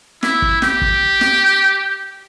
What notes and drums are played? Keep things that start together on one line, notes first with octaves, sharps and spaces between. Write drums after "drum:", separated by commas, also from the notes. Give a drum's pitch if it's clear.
E4, drum: snare
drum: kick
G4, drum: snare
drum: kick
drum: snare